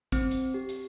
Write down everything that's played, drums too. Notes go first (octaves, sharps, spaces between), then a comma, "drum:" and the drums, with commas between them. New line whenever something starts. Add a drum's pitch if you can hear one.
C4, drum: kick A1, hi-hat
drum: hi-hat
G4
drum: hi-hat